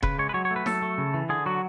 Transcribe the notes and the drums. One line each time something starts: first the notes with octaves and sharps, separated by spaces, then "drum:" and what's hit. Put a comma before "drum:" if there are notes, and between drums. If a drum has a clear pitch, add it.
C#3 B4, drum: kick E1
G#3 C#5
B4
F#3 C#5
C#5
A3
B4
F#3 A4, drum: snare
A3
C#3
E3
D3 G#4
F#3 F#4